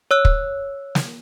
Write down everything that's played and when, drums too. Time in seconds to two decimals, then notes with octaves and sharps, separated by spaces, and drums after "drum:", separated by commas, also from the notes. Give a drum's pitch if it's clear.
0.11 C#5 E6 F#6
0.25 drum: kick
0.95 drum: snare